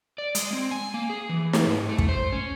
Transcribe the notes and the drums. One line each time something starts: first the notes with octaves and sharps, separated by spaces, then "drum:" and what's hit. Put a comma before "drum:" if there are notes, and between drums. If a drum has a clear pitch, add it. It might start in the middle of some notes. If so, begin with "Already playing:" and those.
D5
G#3, drum: hi-hat
C4
G#5
A#3
G#4
E3
drum: snare
G#2
A3
drum: kick
C5
C#4